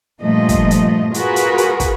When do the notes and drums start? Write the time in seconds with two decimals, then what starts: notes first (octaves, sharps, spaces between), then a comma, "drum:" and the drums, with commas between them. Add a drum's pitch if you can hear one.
0.21 G2 A#2 F3 A3 D#5
0.49 drum: kick, hi-hat
0.71 drum: hi-hat
1.14 F4 F#4 G#4 A#4 B4, drum: hi-hat
1.36 drum: hi-hat
1.58 drum: hi-hat
1.80 drum: kick, hi-hat